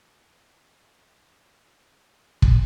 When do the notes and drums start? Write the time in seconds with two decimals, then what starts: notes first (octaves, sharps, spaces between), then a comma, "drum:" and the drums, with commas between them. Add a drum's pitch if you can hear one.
0.18 F2 B4 D#5 G#5
1.38 F4 C#5
2.42 drum: kick